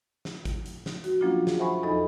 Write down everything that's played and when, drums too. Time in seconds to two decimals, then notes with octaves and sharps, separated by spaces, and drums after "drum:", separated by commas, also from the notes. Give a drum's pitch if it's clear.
0.25 drum: snare
0.45 drum: kick G#1, hi-hat
0.66 drum: hi-hat
0.86 drum: snare
1.04 F#4, drum: hi-hat
1.21 F3 F#3 A#3 C#4 D4 F4
1.47 G#4, drum: snare
1.59 C5 E5 F#5 G#5 B5 C#6
1.83 E2 D#4 A4 D#5 B5